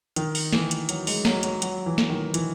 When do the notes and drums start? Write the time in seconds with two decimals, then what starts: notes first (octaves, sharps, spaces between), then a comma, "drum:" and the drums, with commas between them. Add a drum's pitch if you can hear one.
0.16 D#3, drum: hi-hat
0.35 drum: open hi-hat
0.53 E3, drum: snare
0.71 drum: hi-hat
0.89 F#3, drum: hi-hat
1.07 G#3, drum: open hi-hat
1.25 F#3, drum: snare
1.43 F#3, drum: hi-hat
1.62 F#3, drum: hi-hat
1.86 E3
1.98 drum: snare
2.10 D#3
2.34 E3, drum: hi-hat